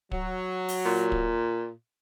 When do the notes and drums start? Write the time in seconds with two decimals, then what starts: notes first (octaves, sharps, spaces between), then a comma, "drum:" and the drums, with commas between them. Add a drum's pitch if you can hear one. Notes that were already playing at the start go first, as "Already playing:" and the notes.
0.12 F#3, drum: kick
0.69 drum: open hi-hat
0.85 A#2
1.12 drum: kick